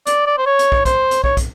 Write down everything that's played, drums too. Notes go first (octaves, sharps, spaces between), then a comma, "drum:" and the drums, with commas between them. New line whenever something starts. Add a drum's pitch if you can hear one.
D5, drum: hi-hat
D5
C5
C#5
drum: hi-hat
drum: kick
C5, drum: kick, hi-hat
drum: hi-hat
C#5, drum: kick
drum: kick, hi-hat